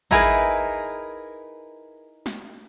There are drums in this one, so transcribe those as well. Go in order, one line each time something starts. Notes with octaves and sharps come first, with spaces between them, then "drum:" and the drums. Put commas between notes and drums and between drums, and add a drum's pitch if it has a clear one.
D#4 E4 G#4 A#4 B4, drum: kick G#1
drum: snare